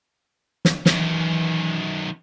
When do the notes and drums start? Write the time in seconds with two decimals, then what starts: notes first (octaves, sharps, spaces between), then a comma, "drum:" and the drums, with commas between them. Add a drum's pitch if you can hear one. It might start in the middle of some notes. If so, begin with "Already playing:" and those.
0.65 drum: snare
0.86 F#2 D#3 E3, drum: snare